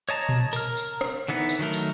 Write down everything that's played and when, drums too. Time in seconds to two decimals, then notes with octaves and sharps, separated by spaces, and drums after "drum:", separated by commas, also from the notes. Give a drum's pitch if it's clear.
0.09 C#5 D#5 A5 A#5
0.29 drum: tom A#2
0.53 A#4 F6, drum: tambourine
0.77 drum: tambourine
1.01 drum: rim click
1.28 D3 E3 B3 D#4
1.49 drum: tambourine
1.59 D#3 F#3 A3 A#4
1.73 drum: tambourine